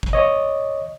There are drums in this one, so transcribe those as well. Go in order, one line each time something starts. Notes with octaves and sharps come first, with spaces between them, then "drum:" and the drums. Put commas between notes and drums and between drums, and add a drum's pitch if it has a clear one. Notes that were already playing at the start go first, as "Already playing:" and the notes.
drum: kick
C#5 D#5